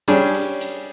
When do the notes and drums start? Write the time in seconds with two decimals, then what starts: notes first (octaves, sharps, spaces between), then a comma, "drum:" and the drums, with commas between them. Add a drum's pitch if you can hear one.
0.08 G3 C#4 D4 G#4, drum: hi-hat
0.34 drum: hi-hat
0.61 drum: hi-hat